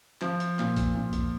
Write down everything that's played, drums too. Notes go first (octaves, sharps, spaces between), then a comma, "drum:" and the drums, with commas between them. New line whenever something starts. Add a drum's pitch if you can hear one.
F3, drum: clap
drum: hi-hat
A#2, drum: clap
drum: kick A#1, hi-hat
A#2
drum: kick A#1, hi-hat